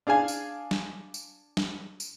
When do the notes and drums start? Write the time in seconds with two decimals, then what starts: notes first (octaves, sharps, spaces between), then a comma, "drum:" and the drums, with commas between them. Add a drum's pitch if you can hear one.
0.07 D4 G#4 F5 G#5
0.28 drum: tambourine
0.71 drum: snare
1.14 drum: tambourine
1.57 drum: snare
2.00 drum: tambourine